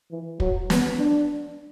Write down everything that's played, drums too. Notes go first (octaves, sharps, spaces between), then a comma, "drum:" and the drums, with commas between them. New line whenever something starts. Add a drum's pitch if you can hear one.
E3
F#3, drum: kick
B3, drum: snare
D4